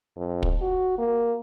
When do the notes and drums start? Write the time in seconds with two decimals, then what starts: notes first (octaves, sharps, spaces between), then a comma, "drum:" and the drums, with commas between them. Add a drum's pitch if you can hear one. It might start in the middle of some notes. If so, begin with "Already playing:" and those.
0.16 F2
0.43 drum: kick
0.61 F#4
0.98 A#3